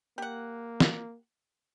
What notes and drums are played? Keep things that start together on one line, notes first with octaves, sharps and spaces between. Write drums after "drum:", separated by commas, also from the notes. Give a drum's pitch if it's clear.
A#3 G4 F#5
drum: snare